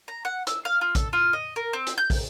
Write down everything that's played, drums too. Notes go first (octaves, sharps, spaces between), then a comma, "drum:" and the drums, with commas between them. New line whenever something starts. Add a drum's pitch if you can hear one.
A#5
F#5
E6, drum: hi-hat
F5
F4
A4, drum: kick, hi-hat
F4
D#5
A#4
C4
drum: hi-hat
G6
drum: kick, open hi-hat